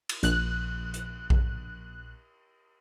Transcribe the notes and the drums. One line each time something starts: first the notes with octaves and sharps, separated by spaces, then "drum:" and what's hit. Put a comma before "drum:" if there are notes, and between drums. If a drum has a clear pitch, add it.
drum: cymbal
A#1 F#6, drum: hi-hat
drum: hi-hat
drum: kick A#1